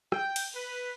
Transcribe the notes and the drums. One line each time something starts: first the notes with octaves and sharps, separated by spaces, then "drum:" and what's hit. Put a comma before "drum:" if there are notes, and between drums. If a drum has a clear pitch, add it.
G5, drum: rim click
drum: cymbal
B4